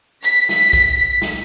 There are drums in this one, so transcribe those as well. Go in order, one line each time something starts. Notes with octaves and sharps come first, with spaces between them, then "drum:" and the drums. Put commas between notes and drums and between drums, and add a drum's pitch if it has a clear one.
B6, drum: hi-hat
drum: snare
drum: kick C2, hi-hat
drum: snare